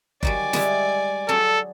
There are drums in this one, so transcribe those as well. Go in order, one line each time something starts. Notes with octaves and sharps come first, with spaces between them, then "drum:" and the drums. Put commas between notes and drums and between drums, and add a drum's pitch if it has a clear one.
D#3 F#3 G3 D5 G#5, drum: kick F#1
G3 G#3 E4, drum: snare
F#3 D4 G#4 A4